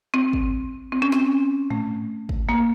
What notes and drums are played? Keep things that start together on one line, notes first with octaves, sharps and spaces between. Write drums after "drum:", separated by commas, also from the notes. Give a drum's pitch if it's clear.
C4
drum: kick
C4
C#4
C4, drum: snare
A3, drum: tom G#2
drum: kick
A#3